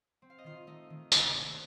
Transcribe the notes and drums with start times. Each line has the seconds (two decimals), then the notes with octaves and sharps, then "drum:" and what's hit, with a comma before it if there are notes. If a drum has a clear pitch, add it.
0.22 C4
0.30 F5
0.38 D#5
0.44 D#3 F4 F5
0.67 A3 D#4 D#5
0.90 D#3
1.12 A#3, drum: tambourine
1.34 C3 D4 D5